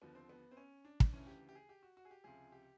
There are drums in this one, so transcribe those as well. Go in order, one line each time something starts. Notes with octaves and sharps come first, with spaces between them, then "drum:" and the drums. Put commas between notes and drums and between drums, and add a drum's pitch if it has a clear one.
D#2 D3 F3 B3
C4
B3
C4
C#4
D4
drum: kick
D2 C#3 E3 C#4
G4
G4
G#4
G4
F#4
F#4
G#4
G4
C#2 C3 F3 G#4
G4